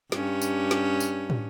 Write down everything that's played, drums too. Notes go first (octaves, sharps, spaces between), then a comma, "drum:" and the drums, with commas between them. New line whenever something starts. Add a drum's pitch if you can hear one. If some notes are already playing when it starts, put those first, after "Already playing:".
G2 C#4, drum: snare
drum: tambourine
drum: snare
drum: tambourine
drum: tom